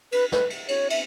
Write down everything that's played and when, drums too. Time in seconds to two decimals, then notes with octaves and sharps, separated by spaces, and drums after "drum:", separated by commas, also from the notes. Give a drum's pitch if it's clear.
0.12 B4, drum: cymbal
0.32 B4, drum: snare
0.50 drum: cymbal
0.68 C#5, drum: cymbal
0.90 E5, drum: cymbal